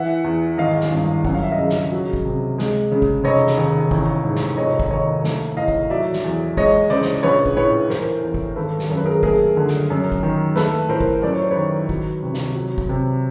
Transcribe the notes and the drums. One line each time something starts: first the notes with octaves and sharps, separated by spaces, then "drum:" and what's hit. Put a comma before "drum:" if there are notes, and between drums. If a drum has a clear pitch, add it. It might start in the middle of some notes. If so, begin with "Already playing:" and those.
Already playing: E3 E5 F#5
E2
G#1 D#5 F5
drum: snare
G2
F#2 F#5, drum: kick
F5
E5
D#5 F5
C#3
drum: snare
F#3
drum: kick
C3
G#3, drum: snare
C#3
drum: kick
F1 C#5 D#5
drum: snare
D#2
A1, drum: kick
G#2
drum: snare
F1 C#5 D#5
drum: kick
D#2 C#5 D#5
A3, drum: snare
A2 D#5 F5
drum: kick
F#3 D5 E5
drum: snare
E2
G#3 C#5 D#5, drum: kick
C#3 C5 D5
drum: snare
A#1 B4 C#5
drum: kick
A2 B4 C#5
E3 A#4 C5, drum: snare
E2
drum: kick
G#1 A4 B4
drum: snare
F#2 A#4
B4
G#4 A#4
A3 G#4 A#4, drum: kick
D3
drum: snare
F#2
drum: kick
D#3
A3 A4 B4, drum: snare
A2 A#4 C5
drum: kick
F#2 D5
C#5
C5
D#3 B4 C#5
F#3, drum: kick
C3
drum: snare
F#3
drum: kick
C3